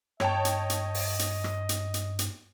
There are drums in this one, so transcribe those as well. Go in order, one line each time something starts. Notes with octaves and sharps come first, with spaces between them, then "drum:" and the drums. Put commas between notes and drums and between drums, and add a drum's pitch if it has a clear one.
G2 C#5 D#5 G5 A5, drum: rim click
drum: hi-hat
drum: hi-hat
drum: open hi-hat
drum: hi-hat
drum: rim click
drum: hi-hat
drum: hi-hat
drum: hi-hat